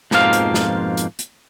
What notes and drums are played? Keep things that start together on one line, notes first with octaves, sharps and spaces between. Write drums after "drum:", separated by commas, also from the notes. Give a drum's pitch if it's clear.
F2 G#2 B2 F3 A#3 F5, drum: snare
drum: hi-hat
drum: snare
drum: hi-hat
drum: hi-hat